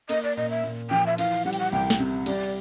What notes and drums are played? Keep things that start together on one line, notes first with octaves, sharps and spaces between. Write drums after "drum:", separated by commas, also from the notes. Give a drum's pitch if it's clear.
A#3 D#5, drum: cymbal
D5
A#2 D#5
E5
A#2
F3 G5
E5
E3 F5, drum: cymbal
G3 F#5
G5, drum: cymbal
F#5
C2 G5
drum: snare
C3
G3 D5, drum: cymbal